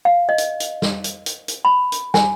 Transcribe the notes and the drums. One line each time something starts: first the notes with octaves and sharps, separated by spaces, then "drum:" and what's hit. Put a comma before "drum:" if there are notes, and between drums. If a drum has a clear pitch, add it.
F5
D#5
drum: hi-hat
drum: hi-hat
drum: snare
drum: hi-hat
drum: hi-hat
drum: hi-hat
B5
drum: hi-hat
G#5, drum: snare